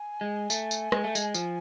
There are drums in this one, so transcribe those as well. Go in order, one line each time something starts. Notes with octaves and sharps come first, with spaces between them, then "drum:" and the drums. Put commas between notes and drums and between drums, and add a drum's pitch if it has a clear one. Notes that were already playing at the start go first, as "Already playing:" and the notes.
Already playing: G#5
G#3
A3, drum: tambourine
drum: tambourine
G#3, drum: rim click
A3
G#3, drum: tambourine
F3, drum: tambourine